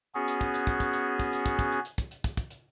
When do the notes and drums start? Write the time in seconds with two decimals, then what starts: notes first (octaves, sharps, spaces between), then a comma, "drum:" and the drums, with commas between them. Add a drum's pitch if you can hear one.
0.15 B3 C#4 F#4 G#4
0.28 drum: hi-hat
0.41 drum: kick
0.54 drum: hi-hat
0.67 drum: kick, hi-hat
0.80 drum: kick, hi-hat
0.93 drum: hi-hat
1.19 drum: kick, hi-hat
1.33 drum: hi-hat
1.46 drum: kick, hi-hat
1.59 drum: kick, hi-hat
1.72 drum: hi-hat
1.85 drum: hi-hat
1.98 drum: kick, hi-hat
2.11 drum: hi-hat
2.24 drum: kick, hi-hat
2.37 drum: kick, hi-hat
2.51 drum: hi-hat